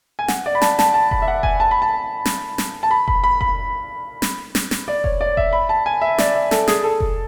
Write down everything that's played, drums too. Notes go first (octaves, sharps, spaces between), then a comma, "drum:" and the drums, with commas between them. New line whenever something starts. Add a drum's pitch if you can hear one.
G#5
F#5, drum: snare
D5
B5
A5, drum: snare
A5, drum: snare
A5
B5, drum: kick F1
E5
F#5
G#5, drum: kick F1
A5
B5
A5
drum: snare
drum: snare
A5
B5
B5, drum: kick F1
B5
B5, drum: kick F1
drum: snare
drum: snare
drum: snare
D5
C#5, drum: kick F1
D5
E5, drum: kick F1
B5
A5
G#5
E5
D5, drum: snare
E5
A4, drum: snare
G#4, drum: snare
A4
drum: kick F1